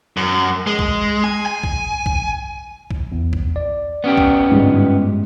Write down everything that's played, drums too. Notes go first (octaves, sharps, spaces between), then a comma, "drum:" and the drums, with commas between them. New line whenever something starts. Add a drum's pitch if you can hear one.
F#2
G#3
drum: kick
G#5
G#5
drum: kick
drum: kick
drum: kick
E2
drum: kick
D5
B3 C#4 G4
drum: kick
G1 G#2 G3 G#3